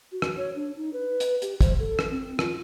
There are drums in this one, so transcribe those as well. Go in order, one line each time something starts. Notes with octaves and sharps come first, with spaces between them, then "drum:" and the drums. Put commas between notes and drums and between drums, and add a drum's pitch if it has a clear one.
F#4
drum: rim click
C#5
D4
D#4
B4
drum: hi-hat
G4, drum: hi-hat
C5, drum: kick, hi-hat
A4
drum: rim click
C4
F4, drum: rim click